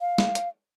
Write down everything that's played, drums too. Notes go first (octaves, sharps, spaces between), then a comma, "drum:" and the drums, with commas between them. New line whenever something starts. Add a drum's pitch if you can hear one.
F5
drum: snare
drum: hi-hat